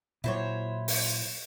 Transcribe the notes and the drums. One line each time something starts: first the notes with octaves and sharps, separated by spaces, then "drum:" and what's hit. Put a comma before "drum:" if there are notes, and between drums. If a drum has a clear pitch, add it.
A#2 F#3 E4 C5 C#5
drum: open hi-hat